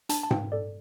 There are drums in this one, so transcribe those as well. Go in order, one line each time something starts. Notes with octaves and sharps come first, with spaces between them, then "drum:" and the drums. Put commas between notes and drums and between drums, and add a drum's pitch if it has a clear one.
D4 A5, drum: hi-hat
A5
G5, drum: tom G#2
A4 D5